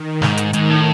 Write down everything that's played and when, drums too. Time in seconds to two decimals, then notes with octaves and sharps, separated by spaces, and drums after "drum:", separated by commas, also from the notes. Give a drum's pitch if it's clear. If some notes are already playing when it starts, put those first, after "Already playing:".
Already playing: D#3
0.22 G#2, drum: snare
0.37 drum: hi-hat
0.53 G#2 D#3, drum: hi-hat
0.70 A2